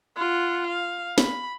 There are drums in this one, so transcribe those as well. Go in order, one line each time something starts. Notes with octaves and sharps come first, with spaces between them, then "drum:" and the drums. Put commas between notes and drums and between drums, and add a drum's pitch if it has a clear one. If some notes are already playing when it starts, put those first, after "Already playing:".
F4 F#5
F5
B5, drum: snare